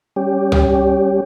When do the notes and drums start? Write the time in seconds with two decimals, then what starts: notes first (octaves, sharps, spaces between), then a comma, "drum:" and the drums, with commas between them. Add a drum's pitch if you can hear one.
0.16 G3 C#4 G4
0.52 drum: tom C#2